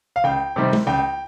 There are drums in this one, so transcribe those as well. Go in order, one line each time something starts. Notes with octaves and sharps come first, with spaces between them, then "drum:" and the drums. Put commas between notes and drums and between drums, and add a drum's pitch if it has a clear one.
F5
C#2 G5
C3 D#3 G3 C4
drum: tom G#3
C#2 G5